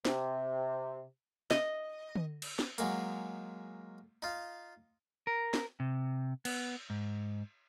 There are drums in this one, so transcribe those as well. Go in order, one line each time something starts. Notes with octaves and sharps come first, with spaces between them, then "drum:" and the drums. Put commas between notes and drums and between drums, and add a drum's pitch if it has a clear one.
C3, drum: snare
D#5, drum: snare
drum: tom D3
drum: cymbal
drum: snare
F#3 G#3 A#3, drum: hi-hat
D#4 F4
A#4
drum: snare
C3
B3, drum: cymbal
G#2